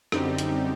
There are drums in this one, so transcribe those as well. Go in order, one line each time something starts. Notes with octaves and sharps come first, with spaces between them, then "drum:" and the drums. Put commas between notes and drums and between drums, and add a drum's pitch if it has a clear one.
F#2 D3 G3 C4 D#4 G4, drum: rim click
drum: hi-hat